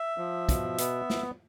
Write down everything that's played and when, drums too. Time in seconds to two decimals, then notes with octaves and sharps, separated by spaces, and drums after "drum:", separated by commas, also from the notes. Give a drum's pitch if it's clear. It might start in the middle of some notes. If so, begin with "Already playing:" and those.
Already playing: E5
0.18 F3
0.49 B2, drum: kick, hi-hat
0.78 B3, drum: hi-hat
1.10 drum: snare